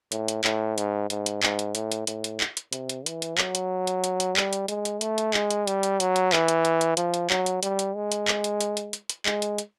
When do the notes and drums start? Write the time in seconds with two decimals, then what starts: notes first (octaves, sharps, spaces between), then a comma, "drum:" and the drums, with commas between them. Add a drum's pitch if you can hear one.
0.12 A2, drum: hi-hat
0.28 drum: hi-hat
0.44 A2, drum: clap
0.78 G#2, drum: hi-hat
1.10 G#2, drum: hi-hat
1.26 drum: hi-hat
1.43 G#2, drum: clap
1.59 drum: hi-hat
1.75 A2, drum: hi-hat
1.92 drum: hi-hat
2.07 A2, drum: hi-hat
2.24 drum: hi-hat
2.41 drum: clap
2.57 drum: hi-hat
2.73 C3, drum: hi-hat
2.89 drum: hi-hat
3.06 E3, drum: hi-hat
3.22 drum: hi-hat
3.38 F#3, drum: clap
3.55 drum: hi-hat
3.87 drum: hi-hat
4.04 drum: hi-hat
4.20 drum: hi-hat
4.37 G3, drum: clap
4.53 drum: hi-hat
4.68 G#3, drum: hi-hat
4.85 drum: hi-hat
5.01 A3, drum: hi-hat
5.18 drum: hi-hat
5.34 G#3, drum: clap
5.51 drum: hi-hat
5.67 G3, drum: hi-hat
5.83 drum: hi-hat
6.00 F#3, drum: hi-hat
6.16 drum: hi-hat
6.33 E3, drum: clap
6.48 drum: hi-hat
6.65 drum: hi-hat
6.81 drum: hi-hat
6.97 F3, drum: hi-hat
7.14 drum: hi-hat
7.30 F#3, drum: clap
7.46 drum: hi-hat
7.63 G3, drum: hi-hat
7.79 drum: hi-hat
7.96 G#3
8.12 drum: hi-hat
8.28 drum: clap
8.44 drum: hi-hat
8.61 drum: hi-hat
8.77 drum: hi-hat
8.93 drum: hi-hat
9.09 drum: hi-hat
9.26 G#3, drum: clap
9.42 drum: hi-hat
9.58 drum: hi-hat